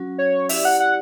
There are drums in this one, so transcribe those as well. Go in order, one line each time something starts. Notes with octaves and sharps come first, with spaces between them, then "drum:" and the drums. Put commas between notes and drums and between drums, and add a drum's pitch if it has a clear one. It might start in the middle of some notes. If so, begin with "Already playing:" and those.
Already playing: F#3 C#4 F#4
C#5
E4 G4 D5 E5, drum: open hi-hat
F#5
F#5